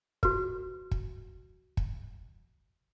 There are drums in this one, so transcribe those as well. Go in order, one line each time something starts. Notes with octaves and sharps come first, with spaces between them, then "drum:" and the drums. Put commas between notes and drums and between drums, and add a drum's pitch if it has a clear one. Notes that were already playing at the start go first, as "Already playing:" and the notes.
F#4 B4, drum: kick
drum: kick
drum: kick